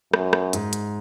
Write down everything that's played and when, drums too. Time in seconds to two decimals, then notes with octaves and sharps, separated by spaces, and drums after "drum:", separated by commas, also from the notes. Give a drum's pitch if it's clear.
0.14 F#2, drum: rim click
0.33 drum: rim click
0.53 G#2, drum: hi-hat
0.73 drum: hi-hat